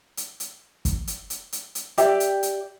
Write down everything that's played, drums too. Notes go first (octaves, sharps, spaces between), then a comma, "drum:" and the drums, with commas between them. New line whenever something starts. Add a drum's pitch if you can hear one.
drum: hi-hat
drum: hi-hat
drum: kick, hi-hat
drum: hi-hat
drum: hi-hat
drum: hi-hat
drum: hi-hat
G4 D5 E5 G5, drum: hi-hat
drum: hi-hat
drum: hi-hat